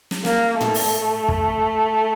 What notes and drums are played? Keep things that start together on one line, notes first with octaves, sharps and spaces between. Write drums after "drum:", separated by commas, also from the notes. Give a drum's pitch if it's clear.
drum: snare
A#3, drum: snare
A3, drum: tom
drum: open hi-hat
drum: kick